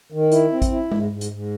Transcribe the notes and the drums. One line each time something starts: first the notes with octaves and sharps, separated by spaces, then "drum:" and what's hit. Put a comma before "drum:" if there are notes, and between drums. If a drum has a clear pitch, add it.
D#3
E4, drum: hi-hat
C4
drum: kick A1, hi-hat
E4
G#2, drum: tom G#3
G#2
drum: hi-hat
G#2